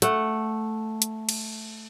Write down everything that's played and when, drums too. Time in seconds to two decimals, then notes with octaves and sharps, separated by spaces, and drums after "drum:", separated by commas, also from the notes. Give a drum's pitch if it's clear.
0.02 A3 F#5, drum: hi-hat
1.02 drum: hi-hat
1.29 drum: cymbal